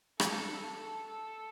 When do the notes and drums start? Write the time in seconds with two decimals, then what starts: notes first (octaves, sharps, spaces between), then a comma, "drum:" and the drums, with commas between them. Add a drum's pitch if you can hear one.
0.20 A4, drum: rim click
0.78 A4
1.07 A4